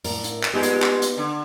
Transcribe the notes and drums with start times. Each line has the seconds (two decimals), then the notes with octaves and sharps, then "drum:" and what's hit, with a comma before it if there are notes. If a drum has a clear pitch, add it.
0.04 A2 A#4 D5, drum: open hi-hat
0.24 drum: hi-hat
0.43 drum: clap
0.53 A#2 G#3 B3 D#4 G4 B4
0.63 drum: hi-hat
0.82 drum: clap
1.02 drum: hi-hat
1.17 D3